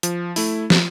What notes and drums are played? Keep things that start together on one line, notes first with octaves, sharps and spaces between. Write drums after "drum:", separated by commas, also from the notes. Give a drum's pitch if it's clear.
F3, drum: hi-hat
A3 E4, drum: open hi-hat
F3, drum: snare